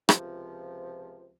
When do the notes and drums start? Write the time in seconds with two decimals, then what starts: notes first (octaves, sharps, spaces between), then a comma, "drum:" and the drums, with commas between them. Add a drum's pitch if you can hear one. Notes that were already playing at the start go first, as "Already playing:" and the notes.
0.09 C#2 C3 F3, drum: rim click